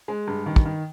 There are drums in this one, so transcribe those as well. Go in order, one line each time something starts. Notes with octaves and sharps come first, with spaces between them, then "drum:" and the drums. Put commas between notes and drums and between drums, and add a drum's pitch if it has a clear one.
G#3
G2
D#3
drum: kick
D#3